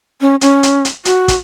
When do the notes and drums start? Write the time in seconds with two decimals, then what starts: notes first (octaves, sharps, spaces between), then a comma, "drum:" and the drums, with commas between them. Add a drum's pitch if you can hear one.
0.21 C#4
0.41 C#4, drum: hi-hat
0.63 drum: hi-hat
0.85 drum: hi-hat
1.05 F#4, drum: hi-hat
1.28 drum: kick, hi-hat